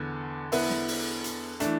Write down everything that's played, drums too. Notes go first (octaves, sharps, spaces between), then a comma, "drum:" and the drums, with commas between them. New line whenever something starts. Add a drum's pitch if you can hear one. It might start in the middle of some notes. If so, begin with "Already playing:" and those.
Already playing: E2 D3 B3
B3 E4, drum: open hi-hat
drum: snare
drum: open hi-hat
drum: hi-hat
E3 A3 D4, drum: hi-hat